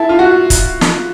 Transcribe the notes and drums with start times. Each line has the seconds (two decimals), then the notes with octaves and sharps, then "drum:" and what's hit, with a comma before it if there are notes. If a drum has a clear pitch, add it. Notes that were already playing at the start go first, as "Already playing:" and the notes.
Already playing: E4 A4
0.09 F4
0.19 F#4
0.50 drum: kick, hi-hat
0.81 drum: snare